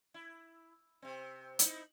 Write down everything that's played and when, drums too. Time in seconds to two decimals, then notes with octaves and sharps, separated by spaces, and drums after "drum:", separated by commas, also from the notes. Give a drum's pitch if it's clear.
0.14 E4
1.02 C3 C4
1.59 D#4 E4, drum: hi-hat